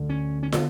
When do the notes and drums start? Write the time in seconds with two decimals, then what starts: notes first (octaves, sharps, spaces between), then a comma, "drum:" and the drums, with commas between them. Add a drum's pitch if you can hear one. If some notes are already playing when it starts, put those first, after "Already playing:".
Already playing: D2 D3
0.10 C#4
0.43 C#4
0.52 D3 B3, drum: snare